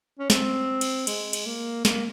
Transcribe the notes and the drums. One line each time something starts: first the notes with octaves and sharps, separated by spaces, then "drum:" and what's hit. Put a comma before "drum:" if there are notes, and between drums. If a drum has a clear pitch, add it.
C#4
C4, drum: snare
drum: cymbal
G#3, drum: cymbal
drum: cymbal
A#3
A#3, drum: snare